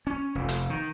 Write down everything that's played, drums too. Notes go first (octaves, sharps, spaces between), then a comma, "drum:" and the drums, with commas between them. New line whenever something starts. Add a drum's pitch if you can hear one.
C#4
F1
drum: hi-hat
D#3